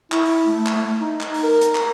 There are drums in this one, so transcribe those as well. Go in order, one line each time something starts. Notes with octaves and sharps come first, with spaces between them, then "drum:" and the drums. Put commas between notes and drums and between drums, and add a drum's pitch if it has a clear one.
E4, drum: clap
drum: open hi-hat
A3
drum: clap
A3
D#4
drum: clap
drum: open hi-hat
A#4
drum: hi-hat
drum: clap